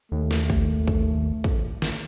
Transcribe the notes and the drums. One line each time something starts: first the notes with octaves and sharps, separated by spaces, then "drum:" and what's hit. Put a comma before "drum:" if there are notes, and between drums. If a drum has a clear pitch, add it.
D#2 A3
drum: snare
drum: kick
drum: kick
drum: kick
drum: snare